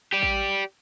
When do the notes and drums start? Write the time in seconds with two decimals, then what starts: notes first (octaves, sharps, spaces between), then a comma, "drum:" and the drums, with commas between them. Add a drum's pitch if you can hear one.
0.13 G4 D5
0.22 drum: kick A1